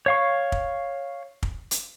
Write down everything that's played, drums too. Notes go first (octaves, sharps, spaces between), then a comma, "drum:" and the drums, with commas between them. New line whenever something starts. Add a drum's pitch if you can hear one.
C#5 F5 C#6
drum: kick
drum: kick
drum: hi-hat